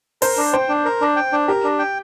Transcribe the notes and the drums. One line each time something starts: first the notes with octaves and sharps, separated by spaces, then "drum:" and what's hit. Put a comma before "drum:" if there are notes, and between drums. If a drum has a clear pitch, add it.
A#4 C5, drum: open hi-hat
D4
C5 G5
D4
A#4
D4
G5
D4
G4 A#4
D4
G5